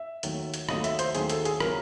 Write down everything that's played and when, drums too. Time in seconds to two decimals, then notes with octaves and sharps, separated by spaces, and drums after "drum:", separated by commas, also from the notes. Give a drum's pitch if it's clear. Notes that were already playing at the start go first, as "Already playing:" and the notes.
Already playing: E5
0.23 D#2 D#3 F#3 A3, drum: hi-hat
0.54 drum: hi-hat
0.69 D#2 D#3 F#3 A3 D#5, drum: rim click
0.84 E5, drum: hi-hat
0.99 C5, drum: hi-hat
1.15 D#2 D#3 F#3 A3 G#4, drum: hi-hat
1.29 A4, drum: hi-hat
1.45 G#4, drum: hi-hat
1.60 C#3 F#3 B3 A#4, drum: rim click